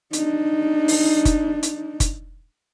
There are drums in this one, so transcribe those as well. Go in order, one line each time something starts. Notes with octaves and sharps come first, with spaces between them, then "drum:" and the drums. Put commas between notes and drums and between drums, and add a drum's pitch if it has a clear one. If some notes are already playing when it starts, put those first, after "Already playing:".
D4 D#4, drum: hi-hat
drum: open hi-hat
drum: kick F#1, hi-hat
drum: hi-hat
drum: kick F#1, hi-hat